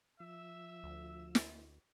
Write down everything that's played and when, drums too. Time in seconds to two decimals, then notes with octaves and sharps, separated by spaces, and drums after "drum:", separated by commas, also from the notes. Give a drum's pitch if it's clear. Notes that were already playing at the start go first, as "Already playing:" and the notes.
0.20 F3 E5 E6
0.83 D2
1.35 drum: snare